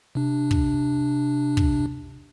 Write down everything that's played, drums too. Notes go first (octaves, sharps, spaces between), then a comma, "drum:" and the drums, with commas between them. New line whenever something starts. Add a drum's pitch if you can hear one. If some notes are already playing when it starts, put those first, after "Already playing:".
C3 D4
drum: kick
drum: kick